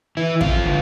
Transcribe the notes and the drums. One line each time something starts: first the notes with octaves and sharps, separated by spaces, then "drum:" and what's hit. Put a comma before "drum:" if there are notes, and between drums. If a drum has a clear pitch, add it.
E3 E4
F2 F4, drum: kick
D3